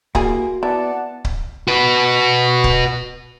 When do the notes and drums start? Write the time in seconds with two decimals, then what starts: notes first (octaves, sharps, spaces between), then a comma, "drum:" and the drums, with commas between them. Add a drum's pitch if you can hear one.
0.15 G3 A#3 E4 F#4 G#4, drum: kick C#1
0.63 B3 E4 D5 F#5 A5
1.25 drum: kick C#1
1.68 F#4 B4
2.64 drum: kick C#1